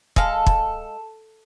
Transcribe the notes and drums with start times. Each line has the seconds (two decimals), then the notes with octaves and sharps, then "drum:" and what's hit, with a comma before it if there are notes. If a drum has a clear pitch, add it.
0.16 G#3 A4 F5, drum: kick
0.47 drum: kick